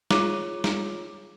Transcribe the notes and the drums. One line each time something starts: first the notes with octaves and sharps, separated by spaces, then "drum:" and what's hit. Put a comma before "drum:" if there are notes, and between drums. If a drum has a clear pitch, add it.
F4 G#4 C#5 D6, drum: snare
drum: snare